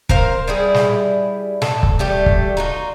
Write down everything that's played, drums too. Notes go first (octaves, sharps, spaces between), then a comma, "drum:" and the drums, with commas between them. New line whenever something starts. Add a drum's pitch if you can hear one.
A#4 C5 F5, drum: kick
G3 E4 G#4
drum: snare
A4, drum: snare
drum: kick
G3 A3 G4
drum: kick
D#4 F4 F#4